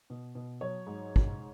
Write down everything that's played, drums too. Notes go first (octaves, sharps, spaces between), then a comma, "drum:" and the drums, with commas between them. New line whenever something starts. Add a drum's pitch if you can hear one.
B2
B2
F#3 C#5
G#2
drum: kick